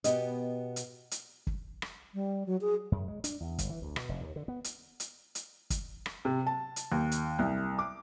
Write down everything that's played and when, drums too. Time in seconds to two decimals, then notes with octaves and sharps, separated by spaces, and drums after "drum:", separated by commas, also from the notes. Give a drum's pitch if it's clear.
0.04 B2 B3 G4 D#5, drum: hi-hat
0.76 drum: hi-hat
1.11 drum: hi-hat
1.47 drum: kick
1.82 drum: rim click
2.14 G3
2.46 F#3
2.61 G#4
2.92 F#2
3.08 G#3
3.24 D4, drum: hi-hat
3.40 E2
3.59 G1, drum: kick, hi-hat
3.70 E3
3.82 D2
3.96 B2, drum: rim click
4.09 F1
4.21 D#2
4.36 D3
4.48 B3
4.64 drum: hi-hat
5.00 drum: hi-hat
5.35 drum: hi-hat
5.70 drum: kick, hi-hat
6.06 drum: rim click
6.25 C3
6.47 A5
6.76 drum: hi-hat
6.92 D#2
7.12 drum: hi-hat
7.39 C2
7.79 D6